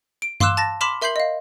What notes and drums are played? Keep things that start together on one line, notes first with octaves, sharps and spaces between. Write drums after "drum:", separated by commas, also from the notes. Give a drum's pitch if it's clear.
D7
F5 C6 D6 E6 F#6 E7, drum: tom G2
A5 A6 A#6
B5 C6 D6 F6 B6 E7
A#4 E5 C6 G6 C7 F#7
D#5 F5